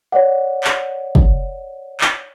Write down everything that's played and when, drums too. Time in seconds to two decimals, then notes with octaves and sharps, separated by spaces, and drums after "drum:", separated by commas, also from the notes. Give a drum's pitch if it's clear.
0.12 C#5 D5 F#5
0.64 drum: clap
1.15 drum: kick
2.01 drum: clap